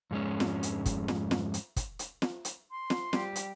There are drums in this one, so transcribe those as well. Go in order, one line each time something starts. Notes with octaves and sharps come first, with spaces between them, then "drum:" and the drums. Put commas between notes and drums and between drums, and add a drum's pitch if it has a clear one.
F2 G#2 F3 G#3 C#4
drum: snare
drum: hi-hat
drum: kick, hi-hat
drum: snare
drum: snare
drum: hi-hat
drum: kick, hi-hat
drum: hi-hat
drum: snare
drum: hi-hat
C6
drum: snare
G3 G4, drum: snare
drum: hi-hat